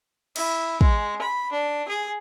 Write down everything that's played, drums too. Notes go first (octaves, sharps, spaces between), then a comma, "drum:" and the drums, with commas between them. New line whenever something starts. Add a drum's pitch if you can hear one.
E4, drum: cymbal
G#3, drum: kick
B5
D4
G#4